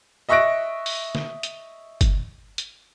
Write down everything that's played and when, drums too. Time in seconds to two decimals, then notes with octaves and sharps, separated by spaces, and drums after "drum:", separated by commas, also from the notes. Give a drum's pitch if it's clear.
0.29 D#5 E5 C#6 F#6 A#6 D7
0.86 drum: open hi-hat
1.15 drum: snare
1.43 drum: hi-hat
2.01 drum: kick G1, hi-hat
2.58 drum: hi-hat